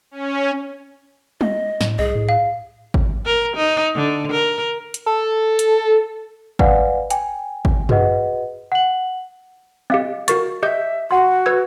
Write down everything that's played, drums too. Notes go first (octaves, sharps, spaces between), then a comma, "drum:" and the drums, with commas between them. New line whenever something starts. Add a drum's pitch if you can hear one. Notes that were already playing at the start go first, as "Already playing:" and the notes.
C#4
D#5, drum: tom
A2, drum: snare
C2 G#4 D#5
A2
F5
drum: kick G#1
A#4
D#4
D3
A#4
drum: hi-hat
A4
drum: hi-hat
B4 D5 F5 F#5 G#5, drum: kick G#1
G5 G#5, drum: hi-hat
drum: kick G#1
F#4 G#4 B4 D#5 F#5, drum: tom F#2
F#5 F#7
C4 G4 D#5 F5
F#4 A#4 C#6 A6, drum: hi-hat
G4 D#5 E5 G6
F#4 F#5 C6
B4 E6 G#6